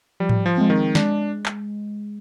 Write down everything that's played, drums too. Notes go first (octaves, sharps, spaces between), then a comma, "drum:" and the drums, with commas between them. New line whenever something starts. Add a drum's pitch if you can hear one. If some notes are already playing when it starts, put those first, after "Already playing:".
F3 G3
drum: tom G#2
F3
G#3 C4
D#3
G#3 D4, drum: snare
drum: clap